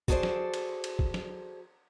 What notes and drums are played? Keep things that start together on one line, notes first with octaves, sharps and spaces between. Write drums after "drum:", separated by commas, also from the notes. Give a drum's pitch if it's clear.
F#4 G#4 A4 B4 C5 D5, drum: kick
drum: snare
drum: cymbal
drum: cymbal
drum: kick
drum: snare